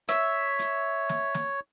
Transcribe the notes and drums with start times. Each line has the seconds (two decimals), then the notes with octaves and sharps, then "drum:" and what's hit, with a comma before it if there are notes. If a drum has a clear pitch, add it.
0.09 C#5 E5, drum: hi-hat
0.59 drum: hi-hat
1.09 drum: snare
1.34 drum: snare